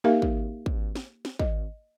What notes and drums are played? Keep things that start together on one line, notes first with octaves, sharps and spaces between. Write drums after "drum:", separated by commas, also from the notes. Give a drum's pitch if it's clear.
A#3 D#4 G4 A#4 E5 F5
drum: kick
drum: kick
drum: snare
drum: snare
D#5, drum: kick